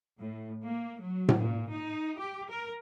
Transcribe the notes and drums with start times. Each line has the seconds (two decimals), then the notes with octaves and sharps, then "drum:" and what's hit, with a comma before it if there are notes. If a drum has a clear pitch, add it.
0.20 A2
0.67 A#3
1.02 F#3
1.28 drum: tom A2
1.39 A#2
1.73 D#4
2.18 G4
2.50 A#4